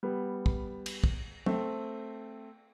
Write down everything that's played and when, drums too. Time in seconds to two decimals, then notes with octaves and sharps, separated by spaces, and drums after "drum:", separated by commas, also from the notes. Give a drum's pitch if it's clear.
0.03 G3 B3
0.46 drum: kick
0.86 drum: cymbal
1.04 drum: kick
1.46 A3 C4, drum: tom